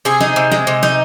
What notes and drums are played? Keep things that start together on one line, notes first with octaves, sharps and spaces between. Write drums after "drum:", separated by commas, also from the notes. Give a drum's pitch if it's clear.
C3 G#4
D#4, drum: snare
C3
G#3, drum: snare
C3
D#4, drum: snare